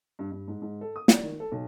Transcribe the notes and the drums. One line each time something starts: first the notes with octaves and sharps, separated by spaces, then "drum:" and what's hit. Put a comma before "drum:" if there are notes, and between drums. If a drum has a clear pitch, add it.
G2
G2
G#2
G#2
A4
D#6
D5, drum: snare
D#3
A4
B1